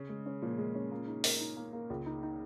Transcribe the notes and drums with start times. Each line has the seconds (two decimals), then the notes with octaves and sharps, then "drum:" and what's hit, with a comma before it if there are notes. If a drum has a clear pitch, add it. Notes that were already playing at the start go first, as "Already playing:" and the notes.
Already playing: C#3 C#4
0.09 G#3
0.26 C#4
0.42 A#2 F3
0.58 G#3
0.75 C#4
0.91 A#3
1.07 D#4
1.24 A#4, drum: open hi-hat
1.40 D#4
1.57 A#3
1.73 A#3
1.90 C#2
2.06 D#4
2.23 D#4